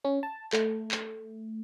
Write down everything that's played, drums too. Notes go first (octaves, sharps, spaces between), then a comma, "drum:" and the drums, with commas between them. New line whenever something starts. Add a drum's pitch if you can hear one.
C#4
A5
A3, drum: clap
drum: clap